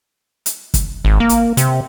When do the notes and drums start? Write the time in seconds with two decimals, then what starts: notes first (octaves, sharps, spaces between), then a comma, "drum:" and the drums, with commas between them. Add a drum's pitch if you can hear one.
0.46 drum: hi-hat
0.74 drum: kick, hi-hat
1.05 G#1
1.20 A#3
1.29 drum: hi-hat
1.57 C3, drum: hi-hat